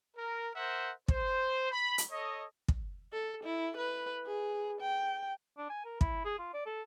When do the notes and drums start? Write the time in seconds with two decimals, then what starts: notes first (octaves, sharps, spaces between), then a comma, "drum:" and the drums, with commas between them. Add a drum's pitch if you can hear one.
0.16 A#4
0.55 A#4 C5 E5 F#5
1.08 C5, drum: kick
1.72 B5
1.98 drum: hi-hat
2.10 A4 C#5 D#5
2.68 drum: kick
3.13 A4
3.44 E4
3.77 B4
4.26 G#4
4.81 G5
5.58 D4
5.70 G#5
5.85 A#4
6.01 E4, drum: kick
6.25 G#4
6.39 F4
6.54 D5
6.66 A4